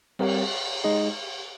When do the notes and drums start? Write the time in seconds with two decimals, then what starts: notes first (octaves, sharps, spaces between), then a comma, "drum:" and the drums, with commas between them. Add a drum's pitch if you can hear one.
0.19 G3 C4 G4 A#4 C#5, drum: cymbal
0.84 G#3 D#4 G#4 D#5